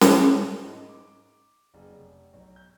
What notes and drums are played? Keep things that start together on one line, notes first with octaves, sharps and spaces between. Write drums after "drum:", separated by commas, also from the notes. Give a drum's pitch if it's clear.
D6, drum: snare C#4
E1
G#2
D6
F#1
F1
B1
G6